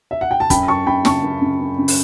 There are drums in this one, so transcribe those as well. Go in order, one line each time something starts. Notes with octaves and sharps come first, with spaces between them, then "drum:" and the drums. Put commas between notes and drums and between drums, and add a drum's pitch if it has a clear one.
E5
F#5
G5
A5
F#2 G5 B5, drum: kick, hi-hat
F#2 A5 C#6
F#2 G5 B5
C#3 A5 C#6, drum: snare
F#2
C#3
F#2
C#3
drum: open hi-hat